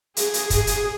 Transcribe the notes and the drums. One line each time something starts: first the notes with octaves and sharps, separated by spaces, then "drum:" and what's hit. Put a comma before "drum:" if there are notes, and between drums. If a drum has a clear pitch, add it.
G#4, drum: hi-hat
drum: hi-hat
G#4, drum: kick, hi-hat
drum: hi-hat